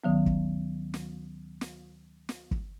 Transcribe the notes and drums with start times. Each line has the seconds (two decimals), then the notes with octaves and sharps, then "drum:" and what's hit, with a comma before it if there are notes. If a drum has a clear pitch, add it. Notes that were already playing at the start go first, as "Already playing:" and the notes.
0.04 D2 D#3 F#3 B3
0.26 drum: kick
0.94 drum: snare
1.61 drum: snare
2.29 drum: snare
2.51 drum: kick